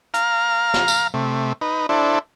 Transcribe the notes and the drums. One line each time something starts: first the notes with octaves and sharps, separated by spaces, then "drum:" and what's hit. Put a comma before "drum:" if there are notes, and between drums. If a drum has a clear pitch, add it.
F5 A#5 F6, drum: hi-hat
drum: snare
drum: tambourine
C3 A3
D#4 B4
D4 E4 A4 C5